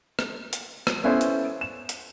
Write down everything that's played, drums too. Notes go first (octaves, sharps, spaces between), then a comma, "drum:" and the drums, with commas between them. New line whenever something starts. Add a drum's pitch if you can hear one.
drum: rim click
drum: hi-hat
drum: rim click
B3 C#4 E4 A4 C5 C#5
drum: hi-hat
E7
drum: hi-hat